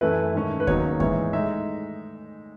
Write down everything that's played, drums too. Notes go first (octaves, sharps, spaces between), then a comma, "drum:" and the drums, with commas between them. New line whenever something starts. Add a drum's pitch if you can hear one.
F#2 E3 A3 E4 B4
G#2 D#3 A3 C#4 E4
B4
D#2 C#3 F#3 B3 D#4 C#5, drum: kick D#2
G#2 E3 B3 E4 C#5, drum: kick D#2
A2 G#3 D#4 E5